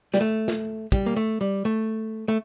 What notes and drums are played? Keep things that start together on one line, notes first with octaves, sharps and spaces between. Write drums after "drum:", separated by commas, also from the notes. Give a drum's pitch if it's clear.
G3, drum: snare
A3
drum: snare
G3, drum: kick
A#3
A3
G3
A3
A3